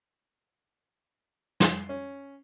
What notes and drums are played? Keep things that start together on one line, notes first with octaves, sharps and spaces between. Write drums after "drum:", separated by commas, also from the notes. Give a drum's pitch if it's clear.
C6, drum: snare
C#4